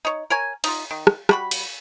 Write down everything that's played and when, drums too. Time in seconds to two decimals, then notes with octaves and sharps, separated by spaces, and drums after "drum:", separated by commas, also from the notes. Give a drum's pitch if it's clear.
0.05 D#4 C#5
0.30 A#4 C#5 G#5
0.64 D#4 F4, drum: cymbal
0.91 D#3
1.07 drum: rim click
1.29 G3 F#4 B5, drum: rim click
1.51 drum: cymbal